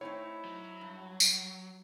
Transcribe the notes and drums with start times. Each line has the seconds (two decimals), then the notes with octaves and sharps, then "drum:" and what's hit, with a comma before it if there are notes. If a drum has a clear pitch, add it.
0.01 A2 C4 D#4 E4 C#5
0.45 F#3
0.81 G2
1.20 drum: tambourine